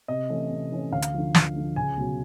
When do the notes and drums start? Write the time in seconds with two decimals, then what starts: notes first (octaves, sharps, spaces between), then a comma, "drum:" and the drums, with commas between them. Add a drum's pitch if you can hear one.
0.08 C3 D#5
0.29 E3 A3 C#4
0.51 C3
0.72 E3 A3 C#4
0.92 D2 F5
1.02 drum: hi-hat
1.14 D3 F3
1.35 D2, drum: snare
1.56 D3 F3
1.76 C#2 G#5
1.97 B2 F#3